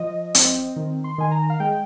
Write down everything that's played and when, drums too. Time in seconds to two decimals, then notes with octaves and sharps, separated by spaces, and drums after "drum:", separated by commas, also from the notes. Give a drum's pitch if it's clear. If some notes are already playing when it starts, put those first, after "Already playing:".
Already playing: F3 D#5
0.35 C4, drum: hi-hat
0.76 D#3
1.04 C6
1.18 D#3 G#5
1.31 A#5
1.50 F5
1.60 G#3 G5